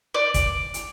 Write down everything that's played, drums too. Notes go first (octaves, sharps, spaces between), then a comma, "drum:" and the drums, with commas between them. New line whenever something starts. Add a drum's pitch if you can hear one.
D5
drum: kick, hi-hat
drum: hi-hat